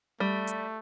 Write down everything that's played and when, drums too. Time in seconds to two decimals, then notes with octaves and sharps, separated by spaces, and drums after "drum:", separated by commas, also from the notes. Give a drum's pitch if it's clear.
0.20 G3 A3
0.47 drum: hi-hat